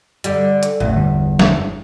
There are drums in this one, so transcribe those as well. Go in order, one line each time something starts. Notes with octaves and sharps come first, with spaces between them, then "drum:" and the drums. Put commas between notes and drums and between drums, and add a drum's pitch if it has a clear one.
D3 G3, drum: hi-hat
drum: hi-hat
A1 E2
G1 G3
drum: snare